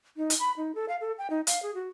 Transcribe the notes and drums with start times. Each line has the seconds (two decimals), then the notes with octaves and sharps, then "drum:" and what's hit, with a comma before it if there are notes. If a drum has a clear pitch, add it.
0.17 D#4
0.30 drum: hi-hat
0.39 B5
0.57 D#4
0.75 A4
0.89 F5
1.01 A4
1.18 G5
1.30 D#4
1.47 F5, drum: hi-hat
1.63 G#4
1.74 F#4